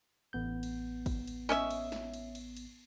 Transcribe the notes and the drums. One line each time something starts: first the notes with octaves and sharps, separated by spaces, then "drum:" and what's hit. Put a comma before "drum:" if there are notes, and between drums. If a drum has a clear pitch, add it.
A1 B3 G6
drum: cymbal
drum: kick, cymbal
drum: cymbal
C#4 D#5 E5, drum: snare
drum: cymbal
drum: snare
drum: cymbal
drum: cymbal
drum: cymbal